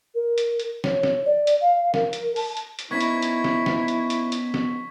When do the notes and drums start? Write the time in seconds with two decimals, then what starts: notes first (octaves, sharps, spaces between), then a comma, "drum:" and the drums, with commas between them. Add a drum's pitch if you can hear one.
0.14 A#4
0.38 drum: hi-hat
0.60 drum: hi-hat
0.84 C#5, drum: snare
1.03 drum: snare
1.25 D5
1.47 drum: hi-hat
1.61 F5
1.94 A#4, drum: snare
2.13 drum: hi-hat
2.36 A5, drum: open hi-hat
2.57 drum: hi-hat
2.79 drum: hi-hat
2.91 B3 C#4 D#4 E4 C#6 G#6 B6
3.01 drum: hi-hat
3.22 drum: hi-hat
3.44 drum: snare
3.66 drum: snare
3.88 drum: hi-hat
4.10 drum: hi-hat
4.32 drum: hi-hat
4.54 drum: snare